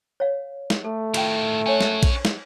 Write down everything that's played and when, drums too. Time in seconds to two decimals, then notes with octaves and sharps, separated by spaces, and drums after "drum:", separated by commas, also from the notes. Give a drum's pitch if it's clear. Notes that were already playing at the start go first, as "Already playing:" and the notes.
0.20 C#5 F5
0.70 drum: snare
0.84 A3 A4
1.14 A2 D#3 F4 F5 G5, drum: cymbal
1.66 C#4 F#4 C#5 G#5
1.81 drum: snare
2.03 drum: kick A#1, cymbal
2.25 drum: snare